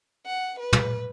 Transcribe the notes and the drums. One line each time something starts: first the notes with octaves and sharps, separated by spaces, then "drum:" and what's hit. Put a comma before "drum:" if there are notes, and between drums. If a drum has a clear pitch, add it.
F#5
B4
drum: tom